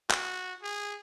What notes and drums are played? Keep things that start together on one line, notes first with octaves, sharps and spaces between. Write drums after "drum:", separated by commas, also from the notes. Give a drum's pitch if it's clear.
F#4, drum: clap
G#4